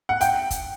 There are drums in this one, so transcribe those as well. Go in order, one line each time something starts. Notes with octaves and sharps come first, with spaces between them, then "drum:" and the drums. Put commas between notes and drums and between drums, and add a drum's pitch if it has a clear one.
F#5
G5, drum: hi-hat
drum: kick, hi-hat